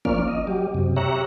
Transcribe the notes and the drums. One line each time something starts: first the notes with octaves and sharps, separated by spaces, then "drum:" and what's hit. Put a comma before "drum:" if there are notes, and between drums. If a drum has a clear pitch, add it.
F3 A#3 C#4 D5 F6, drum: kick
D#5
F#3 G4
F#2 C3
G4 C#5 E5 A#5 F#6